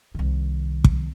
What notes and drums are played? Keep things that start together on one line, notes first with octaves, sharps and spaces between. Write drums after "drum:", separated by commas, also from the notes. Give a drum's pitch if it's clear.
C2 D#3
drum: kick